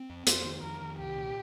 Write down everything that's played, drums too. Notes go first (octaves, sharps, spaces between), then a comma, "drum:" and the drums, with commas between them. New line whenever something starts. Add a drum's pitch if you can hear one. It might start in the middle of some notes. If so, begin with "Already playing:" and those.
Already playing: C4
F2
F2 C5, drum: hi-hat
D#3
F2 A#4
D#3
C2 G4
A#2